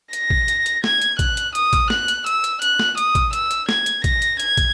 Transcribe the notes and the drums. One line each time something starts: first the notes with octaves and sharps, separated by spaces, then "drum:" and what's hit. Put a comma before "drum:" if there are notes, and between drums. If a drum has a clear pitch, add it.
A#6, drum: hi-hat
drum: kick
drum: hi-hat
drum: hi-hat
G#6, drum: snare
drum: hi-hat
F#6, drum: kick, hi-hat
drum: hi-hat
D#6, drum: hi-hat
drum: kick, hi-hat
F#6, drum: snare
drum: hi-hat
E6, drum: hi-hat
drum: hi-hat
F#6, drum: hi-hat
drum: snare
D#6, drum: hi-hat
drum: kick, hi-hat
E6, drum: hi-hat
drum: hi-hat
G#6, drum: snare
drum: hi-hat
A#6, drum: kick, hi-hat
drum: hi-hat
G#6, drum: hi-hat
drum: kick, hi-hat